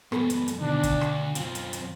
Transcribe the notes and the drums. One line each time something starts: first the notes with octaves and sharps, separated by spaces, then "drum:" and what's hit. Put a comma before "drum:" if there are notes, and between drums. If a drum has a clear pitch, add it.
F#2 A#2 B3 A4 B5, drum: rim click
drum: hi-hat
drum: hi-hat
D2 B2 D#3 D4
drum: kick, hi-hat
drum: rim click
F#2 C4 F4, drum: hi-hat
drum: hi-hat
drum: hi-hat